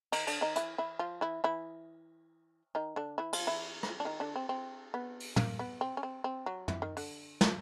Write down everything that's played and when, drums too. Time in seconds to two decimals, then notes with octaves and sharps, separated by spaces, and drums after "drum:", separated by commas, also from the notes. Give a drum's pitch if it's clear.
0.12 D#3 D#4, drum: cymbal
0.27 D3 D4, drum: cymbal
0.41 D#3 D#4
0.56 E3 E4, drum: hi-hat
0.78 E3 E4
0.99 F3 F4
1.21 E3 E4
1.44 E3 E4
2.75 D#3 D#4
2.96 D3 D4
3.18 E3 E4
3.33 F3 F4, drum: cymbal
3.47 E3 E4
3.83 drum: rim click
4.00 D4
4.05 D#3 D#4
4.20 D3 D4
4.36 C4
4.49 C4
4.94 B3
5.20 drum: open hi-hat
5.36 A#3, drum: tom
5.59 B3
5.81 C4
5.97 C#4
6.03 C4
6.24 C4
6.46 F#3
6.68 E3, drum: tom
6.82 D#3
6.97 D3, drum: open hi-hat
7.41 drum: snare